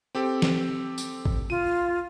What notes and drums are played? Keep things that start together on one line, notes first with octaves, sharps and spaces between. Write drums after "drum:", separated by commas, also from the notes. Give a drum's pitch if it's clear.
C4 G4 A4
drum: snare
drum: tambourine
drum: kick G#1
F4 D#7